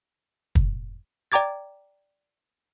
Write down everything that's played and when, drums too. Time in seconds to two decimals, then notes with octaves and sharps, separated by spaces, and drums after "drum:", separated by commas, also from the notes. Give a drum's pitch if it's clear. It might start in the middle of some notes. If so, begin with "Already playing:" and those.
0.55 drum: kick
1.32 D5 G5 A#5 D6 G#6 A6